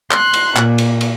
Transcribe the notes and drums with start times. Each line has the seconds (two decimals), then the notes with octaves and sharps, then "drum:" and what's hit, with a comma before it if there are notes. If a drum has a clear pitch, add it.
0.11 C6 F#6, drum: clap
0.33 drum: cymbal
0.56 A#2, drum: clap
0.78 drum: cymbal
1.01 drum: cymbal